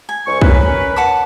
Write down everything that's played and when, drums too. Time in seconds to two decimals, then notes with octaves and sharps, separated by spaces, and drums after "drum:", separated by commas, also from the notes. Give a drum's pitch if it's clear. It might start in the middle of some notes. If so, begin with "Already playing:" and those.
0.09 G#5
0.27 C2 C#6
0.41 C#4 A#4 B4, drum: kick B1
0.96 F#5 A5 D6